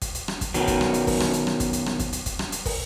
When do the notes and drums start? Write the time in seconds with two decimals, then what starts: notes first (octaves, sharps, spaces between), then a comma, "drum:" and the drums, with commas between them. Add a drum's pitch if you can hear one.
0.02 drum: kick, hi-hat
0.15 drum: hi-hat
0.28 drum: rim click
0.41 drum: kick, hi-hat
0.54 B2 D#3 F#3, drum: hi-hat
0.68 drum: kick, hi-hat
0.81 drum: rim click
0.94 drum: hi-hat
1.07 drum: kick, open hi-hat
1.20 drum: rim click
1.34 drum: hi-hat
1.47 drum: rim click
1.60 drum: kick, hi-hat
1.73 drum: hi-hat
1.86 drum: rim click
2.00 drum: kick, hi-hat
2.13 drum: hi-hat
2.26 drum: kick, hi-hat
2.39 drum: rim click
2.52 drum: hi-hat
2.65 drum: kick, open hi-hat